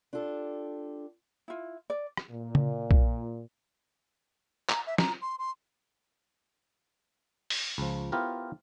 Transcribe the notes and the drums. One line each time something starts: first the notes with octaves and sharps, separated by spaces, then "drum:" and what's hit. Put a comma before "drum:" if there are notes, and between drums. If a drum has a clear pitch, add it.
D4 F4 G4 A4
E4 F4
D5
drum: rim click
A#2
drum: tom C#3
drum: kick
A#5, drum: clap
E5
A#5, drum: snare
C6
C6
drum: open hi-hat
C#2 F3
B3 E4 F4 G4 A#4 C5